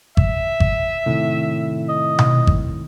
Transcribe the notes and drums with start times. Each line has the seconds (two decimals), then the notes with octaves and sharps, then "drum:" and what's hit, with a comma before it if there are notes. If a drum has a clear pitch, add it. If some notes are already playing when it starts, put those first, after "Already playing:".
0.17 E5, drum: kick G#1
0.60 drum: kick G#1
1.06 A2 C3 D#3
1.89 D#5
2.19 drum: tom B2
2.47 drum: kick G#1